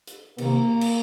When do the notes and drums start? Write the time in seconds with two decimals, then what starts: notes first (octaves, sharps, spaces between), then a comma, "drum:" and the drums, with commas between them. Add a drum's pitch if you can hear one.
0.07 drum: hi-hat
0.38 C3 D#3 A#3, drum: cymbal
0.81 drum: cymbal